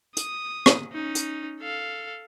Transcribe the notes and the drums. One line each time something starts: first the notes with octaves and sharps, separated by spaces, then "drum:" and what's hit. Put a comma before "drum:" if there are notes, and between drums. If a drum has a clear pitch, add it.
D#6, drum: hi-hat
drum: rim click
C#4 D#4
drum: hi-hat
A4 F5